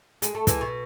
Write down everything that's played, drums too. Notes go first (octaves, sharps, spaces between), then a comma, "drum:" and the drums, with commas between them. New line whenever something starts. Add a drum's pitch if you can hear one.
G#3, drum: hi-hat
A3
E3 G#3, drum: kick, hi-hat
B2